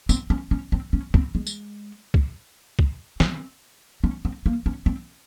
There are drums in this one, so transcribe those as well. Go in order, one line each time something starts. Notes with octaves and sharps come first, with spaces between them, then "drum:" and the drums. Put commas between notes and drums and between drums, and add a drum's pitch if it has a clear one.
C4, drum: tambourine
C#4
C#4
C4
C#4
C4, drum: kick
G#3
drum: tambourine
drum: kick
drum: kick
C4, drum: snare
C#4
C4
A#3
C#4
C4